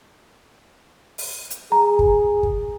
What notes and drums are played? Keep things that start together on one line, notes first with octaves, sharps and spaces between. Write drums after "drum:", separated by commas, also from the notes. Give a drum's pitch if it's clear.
drum: open hi-hat
drum: hi-hat
G#4 A#5
drum: kick
drum: kick